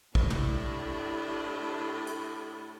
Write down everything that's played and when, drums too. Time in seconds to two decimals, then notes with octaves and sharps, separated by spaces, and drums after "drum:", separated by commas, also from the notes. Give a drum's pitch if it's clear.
0.15 A2 D4 E4 G4, drum: kick
0.30 drum: tom
2.07 drum: hi-hat